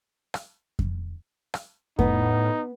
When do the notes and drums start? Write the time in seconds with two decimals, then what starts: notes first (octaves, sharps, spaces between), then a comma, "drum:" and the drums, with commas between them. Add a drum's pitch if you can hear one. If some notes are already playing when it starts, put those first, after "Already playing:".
0.34 drum: rim click
0.79 drum: kick F2
1.54 drum: rim click
1.99 A2 B3 D#4, drum: kick F2